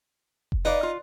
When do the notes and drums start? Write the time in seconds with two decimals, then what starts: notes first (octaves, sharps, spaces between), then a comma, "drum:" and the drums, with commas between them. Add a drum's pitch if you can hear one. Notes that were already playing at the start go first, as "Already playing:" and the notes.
0.52 drum: kick F1
0.65 D#4 B4 D5 F5
0.83 F4